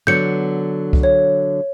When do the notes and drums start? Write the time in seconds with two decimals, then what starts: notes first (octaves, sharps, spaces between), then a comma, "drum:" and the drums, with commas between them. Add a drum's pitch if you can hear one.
0.07 D3 F#3 B3 G6 C#7
0.93 drum: kick C2
1.03 C#5